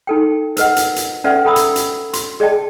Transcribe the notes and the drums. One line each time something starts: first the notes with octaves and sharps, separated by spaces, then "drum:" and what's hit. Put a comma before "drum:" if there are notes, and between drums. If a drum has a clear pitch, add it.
D#4 A4 G5
A#4 B4 D#5 F#5, drum: hi-hat
drum: hi-hat
drum: hi-hat
C#4 A4 B4 D5 E5 F#5
A4 G5 A#5 B5 D#6 E6
drum: hi-hat
drum: hi-hat
C6, drum: hi-hat
G#4 D5 D#5 G5 A5